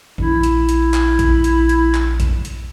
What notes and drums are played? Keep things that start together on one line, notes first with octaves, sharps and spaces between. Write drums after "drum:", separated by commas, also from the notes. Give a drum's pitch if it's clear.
A#1 E4, drum: kick
drum: hi-hat
drum: hi-hat
drum: clap
drum: kick, hi-hat
drum: hi-hat
drum: hi-hat
drum: clap
drum: kick, hi-hat
drum: hi-hat